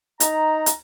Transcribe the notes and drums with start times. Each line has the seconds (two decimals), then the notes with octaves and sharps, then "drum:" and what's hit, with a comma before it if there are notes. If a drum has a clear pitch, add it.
0.20 D#4 A#5, drum: hi-hat
0.66 drum: hi-hat